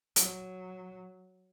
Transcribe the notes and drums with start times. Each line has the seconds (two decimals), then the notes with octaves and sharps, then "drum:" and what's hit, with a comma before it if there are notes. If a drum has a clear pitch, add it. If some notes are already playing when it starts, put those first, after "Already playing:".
0.16 F#3, drum: hi-hat